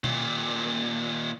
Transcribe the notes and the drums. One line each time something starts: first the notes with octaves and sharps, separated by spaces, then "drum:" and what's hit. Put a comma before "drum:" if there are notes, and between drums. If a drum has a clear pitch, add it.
D#2 A#2, drum: tom B2